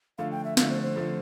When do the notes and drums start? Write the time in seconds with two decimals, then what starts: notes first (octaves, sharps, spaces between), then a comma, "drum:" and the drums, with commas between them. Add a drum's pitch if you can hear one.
0.18 D3 F3 A3 F5
0.31 G5
0.44 E5
0.57 D3 F3 A3 F5, drum: snare
0.70 C5
0.83 C5
0.95 D3 F3 A3